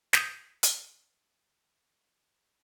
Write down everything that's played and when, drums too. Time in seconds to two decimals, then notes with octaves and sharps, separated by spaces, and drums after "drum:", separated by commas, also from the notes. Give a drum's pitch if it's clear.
0.13 D#6 G6 G#6, drum: snare
0.63 drum: hi-hat